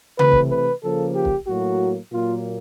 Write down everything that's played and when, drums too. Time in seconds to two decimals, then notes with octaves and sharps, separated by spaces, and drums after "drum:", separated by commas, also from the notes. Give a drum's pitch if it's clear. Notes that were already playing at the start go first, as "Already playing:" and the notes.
0.19 C3 E3 A3 B4, drum: tom C#3
0.32 drum: kick
0.51 B4
0.84 C#3 F3 A#3 A4
1.15 G4
1.25 drum: kick
1.48 A2 F#3 A#3 F#4
2.12 A#2 F#3 A#3 F4